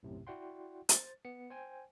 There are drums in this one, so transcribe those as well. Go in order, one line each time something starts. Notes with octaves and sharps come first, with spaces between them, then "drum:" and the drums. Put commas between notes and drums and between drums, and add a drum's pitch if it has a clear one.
B1 F#2 A2 C3
E4 F#4 D5 F#5 G5 C6
C5 A6, drum: hi-hat
B3 C#7
C5 G5 G#5